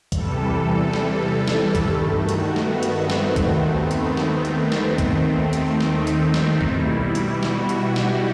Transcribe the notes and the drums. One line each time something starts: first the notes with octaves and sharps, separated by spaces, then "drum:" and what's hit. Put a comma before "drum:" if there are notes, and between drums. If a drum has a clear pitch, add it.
E2 C3 E3 G3 A4, drum: kick, hi-hat
drum: snare
drum: snare
G2 D#3 A3, drum: kick, hi-hat
F#4
drum: hi-hat
B3, drum: snare
drum: hi-hat
C4
drum: snare
D#2 D#3 A3 C4, drum: kick, hi-hat
B3
drum: hi-hat
C4, drum: snare
drum: hi-hat
C4
drum: snare
D#2 D#3 A3 C4, drum: kick, hi-hat
C4
drum: hi-hat
D#4, drum: snare
drum: hi-hat
D#4
drum: snare
B2 G3 E4, drum: kick
drum: hi-hat
F#4, drum: snare
drum: hi-hat
G4
drum: snare